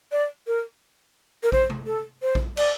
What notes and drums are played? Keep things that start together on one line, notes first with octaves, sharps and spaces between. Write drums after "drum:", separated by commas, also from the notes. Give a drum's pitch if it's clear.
D5
A#4
A#4
C5, drum: kick A#1
drum: tom C3
A4
C5
drum: kick A#1
D5, drum: cymbal